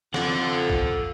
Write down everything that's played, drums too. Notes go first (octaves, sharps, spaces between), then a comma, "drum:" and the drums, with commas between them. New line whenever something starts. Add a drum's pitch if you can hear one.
F2 A4 F#5, drum: snare
drum: kick